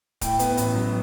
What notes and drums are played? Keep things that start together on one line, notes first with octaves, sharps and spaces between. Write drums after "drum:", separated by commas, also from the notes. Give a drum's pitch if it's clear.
A2 G5, drum: kick D#1, hi-hat
B3, drum: hi-hat
A1, drum: hi-hat
F#3